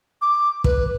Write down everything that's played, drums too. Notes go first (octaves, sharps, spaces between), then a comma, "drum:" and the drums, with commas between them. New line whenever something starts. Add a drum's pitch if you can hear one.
D6
B4, drum: kick